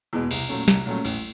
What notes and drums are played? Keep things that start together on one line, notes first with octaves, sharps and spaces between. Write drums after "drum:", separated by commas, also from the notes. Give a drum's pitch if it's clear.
E2 B2 G#3
C2, drum: cymbal
A#2 F#3 A3 C#4
C2, drum: snare
A#2 F#3 A3 C#4
A1, drum: cymbal